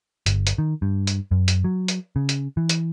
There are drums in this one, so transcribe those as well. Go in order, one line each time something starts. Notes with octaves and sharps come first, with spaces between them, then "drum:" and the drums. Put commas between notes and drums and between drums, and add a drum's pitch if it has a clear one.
G1, drum: hi-hat
drum: hi-hat
D#3
G2
drum: hi-hat
F#2
drum: hi-hat
F#3
drum: hi-hat
C#3
drum: hi-hat
E3
drum: hi-hat